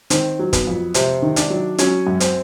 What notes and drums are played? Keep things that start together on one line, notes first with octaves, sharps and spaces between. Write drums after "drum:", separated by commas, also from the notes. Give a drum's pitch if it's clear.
D#3 C4, drum: hi-hat
F#3
B3, drum: kick, hi-hat
F2
C3 C4, drum: hi-hat
D#3
D4, drum: hi-hat
F#3
F#3 C#4, drum: hi-hat
F#2
C4, drum: hi-hat